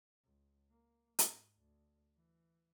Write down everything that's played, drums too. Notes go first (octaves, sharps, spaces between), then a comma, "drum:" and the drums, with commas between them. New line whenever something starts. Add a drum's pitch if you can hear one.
C#2
A#3
G#2, drum: hi-hat
D2
E3